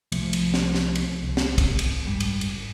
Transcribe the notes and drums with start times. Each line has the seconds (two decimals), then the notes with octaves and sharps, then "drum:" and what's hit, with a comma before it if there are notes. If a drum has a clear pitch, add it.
0.12 C2 F3 A3, drum: cymbal
0.33 drum: cymbal
0.54 drum: snare
0.75 drum: snare
0.95 drum: cymbal
1.23 C2
1.37 drum: snare
1.58 drum: kick, cymbal
1.79 drum: cymbal
2.04 F#1 G#2 G3
2.20 drum: cymbal
2.41 drum: cymbal